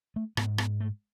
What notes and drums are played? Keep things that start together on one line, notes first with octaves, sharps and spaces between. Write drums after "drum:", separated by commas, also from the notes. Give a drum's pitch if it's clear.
A3
G#2 B3, drum: rim click
B3, drum: rim click
A3